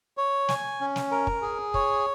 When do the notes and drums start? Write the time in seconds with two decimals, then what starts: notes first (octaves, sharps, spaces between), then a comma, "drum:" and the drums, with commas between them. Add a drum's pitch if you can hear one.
0.17 C#5
0.49 G#5, drum: snare
0.81 C#4
0.96 drum: snare
1.11 A#4
1.27 drum: kick
1.42 G#4
1.74 C#5, drum: kick